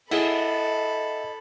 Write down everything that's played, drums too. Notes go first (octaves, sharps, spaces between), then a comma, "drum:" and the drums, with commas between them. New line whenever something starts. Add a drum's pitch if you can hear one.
E4 G#4 A4 D#5 E5 F#5 B5, drum: cymbal